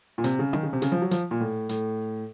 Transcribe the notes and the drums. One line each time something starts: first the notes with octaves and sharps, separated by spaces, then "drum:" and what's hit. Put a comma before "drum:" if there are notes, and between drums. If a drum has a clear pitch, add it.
A#2
C3, drum: hi-hat
C#3
D#3, drum: tom C#4
C#3
C3
C#3, drum: hi-hat
F3
F#3
F3, drum: hi-hat
A#2
A2
A2, drum: hi-hat